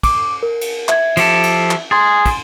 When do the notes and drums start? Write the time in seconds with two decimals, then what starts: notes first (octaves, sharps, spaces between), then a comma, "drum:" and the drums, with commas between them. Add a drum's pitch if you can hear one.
0.03 D6, drum: kick, cymbal
0.43 A#4
0.61 drum: cymbal
0.89 E5 G#6, drum: clap
1.17 F3 G4 A4, drum: cymbal
1.43 drum: cymbal
1.71 drum: clap
1.91 G#4 G#5 C6 A6
2.26 drum: kick, cymbal